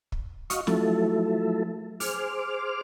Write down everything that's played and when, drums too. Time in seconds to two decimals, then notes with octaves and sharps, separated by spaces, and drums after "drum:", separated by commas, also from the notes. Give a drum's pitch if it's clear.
0.12 drum: kick
0.50 F#4 D#5 F5 C#6, drum: hi-hat
0.67 F3 F#3 A3 E4 A4, drum: snare
2.00 G#4 C5 D6 F6, drum: open hi-hat